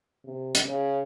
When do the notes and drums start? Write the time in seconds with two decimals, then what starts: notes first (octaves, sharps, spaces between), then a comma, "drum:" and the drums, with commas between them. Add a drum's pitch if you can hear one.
0.25 C3
0.55 drum: hi-hat
0.66 C#3